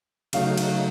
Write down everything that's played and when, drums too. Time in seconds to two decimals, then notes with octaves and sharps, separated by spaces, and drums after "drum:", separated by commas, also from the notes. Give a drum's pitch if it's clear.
0.33 C#3 F#3 A3 D#4 F5, drum: cymbal
0.57 drum: cymbal